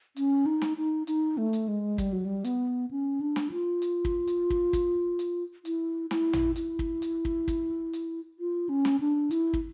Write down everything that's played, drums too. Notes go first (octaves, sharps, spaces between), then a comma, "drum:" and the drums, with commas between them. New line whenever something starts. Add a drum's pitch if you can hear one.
C#4, drum: hi-hat
D#4
drum: snare
D#4
D#4, drum: hi-hat
A3
drum: hi-hat
G#3
G3, drum: kick, hi-hat
F#3
G3
B3, drum: hi-hat
C#4
D4
drum: snare
F4
drum: hi-hat
drum: kick
drum: hi-hat
drum: kick
drum: kick, hi-hat
drum: hi-hat
E4, drum: hi-hat
E4, drum: snare
drum: tom A1
E4, drum: hi-hat
drum: kick
drum: hi-hat
drum: kick
drum: kick, hi-hat
drum: hi-hat
F4
C#4
drum: snare
D4
E4, drum: hi-hat
drum: kick